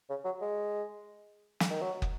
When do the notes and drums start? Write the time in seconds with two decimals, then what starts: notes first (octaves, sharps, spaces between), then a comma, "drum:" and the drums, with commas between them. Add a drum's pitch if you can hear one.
0.10 C#3
0.25 F#3
0.41 G#3
1.60 drum: snare
1.70 D#3
1.81 F#3
2.02 drum: kick